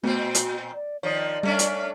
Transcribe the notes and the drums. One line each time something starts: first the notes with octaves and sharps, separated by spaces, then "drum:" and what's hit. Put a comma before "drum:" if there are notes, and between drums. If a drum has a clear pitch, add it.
A#2 A3 B3 C4 F#4
drum: hi-hat
D5
D#3 F3 C#5 D5 D#6
G3 A3 C#4 D4
drum: hi-hat